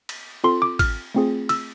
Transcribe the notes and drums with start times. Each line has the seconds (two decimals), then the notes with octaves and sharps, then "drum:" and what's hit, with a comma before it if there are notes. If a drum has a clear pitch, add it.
0.09 drum: cymbal
0.44 C4 F4 A4 C6
0.62 D6
0.79 F6, drum: kick G#1, cymbal
1.15 A3 C4 F4 G#4
1.49 E6, drum: cymbal